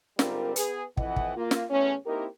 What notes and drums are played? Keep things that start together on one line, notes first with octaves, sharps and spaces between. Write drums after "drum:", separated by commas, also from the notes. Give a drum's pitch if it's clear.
G#2 D3 G3 C4 F4 A#4, drum: snare
B3 G#4 B4, drum: hi-hat
F2 E3 D#5 F#5, drum: kick
drum: kick
A#3 F4
drum: snare
E2 A3 C#4
A#3 C4 D#4 E4 G4 A#4